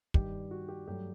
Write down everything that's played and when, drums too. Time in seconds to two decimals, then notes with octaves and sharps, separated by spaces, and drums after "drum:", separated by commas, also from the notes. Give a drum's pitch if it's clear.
0.14 G2 D#3 G3 G4, drum: kick
0.51 F#4
0.68 G4
0.87 G2 F#3 A3 G4